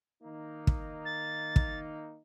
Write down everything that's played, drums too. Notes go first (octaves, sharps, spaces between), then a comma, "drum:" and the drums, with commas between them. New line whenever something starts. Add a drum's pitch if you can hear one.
D#3 A#3 D#4
drum: kick
A6
drum: kick